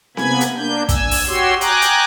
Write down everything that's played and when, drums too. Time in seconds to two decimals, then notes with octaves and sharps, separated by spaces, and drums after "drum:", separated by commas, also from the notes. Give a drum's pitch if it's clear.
0.17 C3 A#3 B3 G#5 B5 G#6, drum: snare C4
0.41 drum: hi-hat
0.57 A#3 D4 G6
0.89 G#5 E6, drum: kick, hi-hat
1.11 drum: open hi-hat
1.27 F#4 G4 C#5 C6 E6
1.61 G5 G#5 A#5 D6 D#6 F#6, drum: hi-hat
1.82 drum: hi-hat